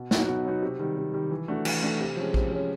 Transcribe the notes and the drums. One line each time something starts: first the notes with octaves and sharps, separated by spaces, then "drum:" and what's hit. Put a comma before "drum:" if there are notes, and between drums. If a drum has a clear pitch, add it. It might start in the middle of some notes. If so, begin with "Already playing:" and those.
Already playing: B2
F#3 B3 D#4 F#4, drum: snare
B2
F#3 B3 D#4 F#4
C3
D#3 G3
C3
D#3 G3
E3
A3 D4 F#4
E3, drum: cymbal
A3 D4 F#4
C3
F3 G#3 C#4
C3, drum: kick A#1
F3 G#3 C#4